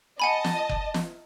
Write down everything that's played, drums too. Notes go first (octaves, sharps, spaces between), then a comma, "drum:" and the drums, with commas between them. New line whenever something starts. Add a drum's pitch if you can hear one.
D#5 F#5 G#5 A5 B5
drum: snare
drum: kick F#1
drum: snare